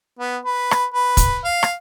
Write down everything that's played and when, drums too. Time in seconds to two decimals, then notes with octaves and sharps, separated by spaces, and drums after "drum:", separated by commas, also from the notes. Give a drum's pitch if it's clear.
0.19 B3
0.45 B4
0.71 drum: rim click
0.94 B4
1.17 drum: kick, hi-hat
1.44 F5
1.63 drum: rim click